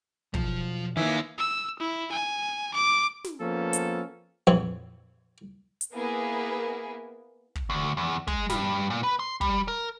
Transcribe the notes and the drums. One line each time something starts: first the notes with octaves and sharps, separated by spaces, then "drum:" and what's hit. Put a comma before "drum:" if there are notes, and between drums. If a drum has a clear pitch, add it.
B1 E2 F3, drum: kick
D#3 E3 A#3 C#5 E5 F5 G#5
E6
E4
G#5
D6
drum: snare
F3 A#3 B3 C#4 A4
drum: hi-hat
A#1 F2 E3 C4 C#5
drum: hi-hat
A#3 B3 E4 G#4 A#4
drum: kick
D2
E2
G#3, drum: kick
G2, drum: snare
A#2
B4
C6
G3, drum: kick
A#4